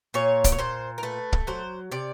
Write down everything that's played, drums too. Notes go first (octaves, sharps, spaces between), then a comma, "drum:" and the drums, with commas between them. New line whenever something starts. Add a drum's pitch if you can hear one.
A#2 C#5
D5, drum: kick, hi-hat
C#5
A#2 C5
A#4
A3 B4
drum: kick
F#3 C5
C3 D5